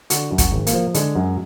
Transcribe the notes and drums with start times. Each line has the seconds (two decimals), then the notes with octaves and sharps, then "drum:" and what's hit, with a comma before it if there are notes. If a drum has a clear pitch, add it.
0.10 D3 F#4, drum: hi-hat
0.31 F#2
0.38 F#4, drum: kick, hi-hat
0.52 G#1
0.67 A#3, drum: hi-hat
0.73 F3
0.94 D3 G#3, drum: hi-hat
1.15 F#2